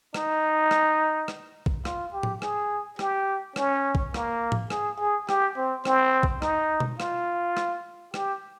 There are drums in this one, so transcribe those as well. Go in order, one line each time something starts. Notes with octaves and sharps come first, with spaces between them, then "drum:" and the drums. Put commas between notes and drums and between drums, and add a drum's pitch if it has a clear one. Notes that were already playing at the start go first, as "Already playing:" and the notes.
D#4, drum: rim click
drum: rim click
drum: rim click
drum: kick
F4, drum: rim click
G4
drum: tom A2
G#4, drum: rim click
G4, drum: rim click
C#4, drum: rim click
drum: kick
A#3, drum: rim click
drum: tom A2
G#4, drum: rim click
G#4
G4, drum: rim click
C4
C4, drum: rim click
drum: kick
D#4, drum: rim click
drum: tom B2
F4, drum: rim click
drum: rim click
G4, drum: rim click